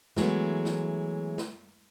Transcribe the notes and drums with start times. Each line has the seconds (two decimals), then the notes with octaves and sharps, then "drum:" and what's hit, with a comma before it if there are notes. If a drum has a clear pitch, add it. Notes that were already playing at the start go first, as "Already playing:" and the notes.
0.16 E3 F#3 G#3 A3 B3, drum: snare
0.65 drum: snare
1.38 drum: snare